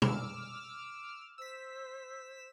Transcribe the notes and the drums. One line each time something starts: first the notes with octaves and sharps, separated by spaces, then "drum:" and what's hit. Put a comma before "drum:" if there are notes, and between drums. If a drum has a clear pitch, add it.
D6 E6 F6, drum: tom
C5 E6 B6